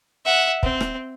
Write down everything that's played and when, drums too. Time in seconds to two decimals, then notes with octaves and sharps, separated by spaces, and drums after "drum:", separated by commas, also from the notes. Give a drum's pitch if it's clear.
0.25 E5 F#5
0.63 C4, drum: kick
0.80 drum: rim click